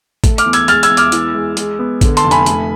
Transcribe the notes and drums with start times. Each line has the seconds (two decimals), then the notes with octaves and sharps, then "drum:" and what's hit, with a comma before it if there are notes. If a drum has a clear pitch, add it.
0.24 A3, drum: kick A1, hi-hat
0.38 D6 F6, drum: hi-hat
0.46 E2
0.53 E6 G#6, drum: hi-hat
0.68 G#3 F6 A6, drum: hi-hat
0.83 E6 G#6, drum: hi-hat
0.90 E2
0.97 D6 F6, drum: hi-hat
1.12 E3, drum: hi-hat
1.35 G#3
1.57 G#3, drum: hi-hat
1.79 B3
2.01 D3, drum: kick A1, hi-hat
2.17 A5 C6, drum: hi-hat
2.24 F1
2.31 G#5 B5, drum: hi-hat
2.46 A3, drum: hi-hat